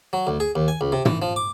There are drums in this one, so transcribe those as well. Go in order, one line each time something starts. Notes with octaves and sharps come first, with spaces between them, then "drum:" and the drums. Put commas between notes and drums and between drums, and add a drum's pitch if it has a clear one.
F#3
D2
G#4
D#2
G#5
C#2
C3
E3, drum: tom
F3
D6